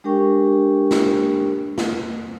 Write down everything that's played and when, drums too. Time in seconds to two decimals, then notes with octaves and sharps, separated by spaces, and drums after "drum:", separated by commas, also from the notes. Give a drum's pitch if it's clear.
0.04 G#3 D4 G4 A#4 G5 C#6
0.91 drum: snare
1.78 drum: snare